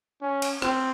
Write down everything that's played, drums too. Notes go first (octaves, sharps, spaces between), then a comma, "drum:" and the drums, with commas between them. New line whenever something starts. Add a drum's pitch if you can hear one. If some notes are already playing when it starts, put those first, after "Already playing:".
C#4
drum: cymbal
C4, drum: rim click